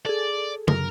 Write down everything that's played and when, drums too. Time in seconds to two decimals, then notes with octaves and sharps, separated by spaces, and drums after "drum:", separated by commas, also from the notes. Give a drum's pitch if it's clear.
0.06 G#4 A4 D5
0.68 F#2 D3 F#3 A#4, drum: tom C#3